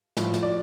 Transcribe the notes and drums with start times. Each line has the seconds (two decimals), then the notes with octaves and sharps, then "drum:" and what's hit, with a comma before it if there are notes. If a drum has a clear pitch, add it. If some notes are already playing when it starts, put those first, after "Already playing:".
0.17 A2 F3, drum: snare
0.34 drum: snare
0.43 D5